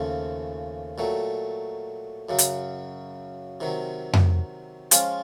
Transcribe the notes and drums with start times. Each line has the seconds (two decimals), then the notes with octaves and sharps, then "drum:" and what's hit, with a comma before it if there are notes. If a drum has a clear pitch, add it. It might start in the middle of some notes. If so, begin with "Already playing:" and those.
Already playing: D#2 C#3 F3 A3 C#4
0.98 A#2 F#3 A3
2.29 F#2 C#3 F#3
2.38 drum: hi-hat
3.60 C3 D#3 F#3
4.13 drum: tom F2
4.91 F3 G#3 C#4 F4, drum: hi-hat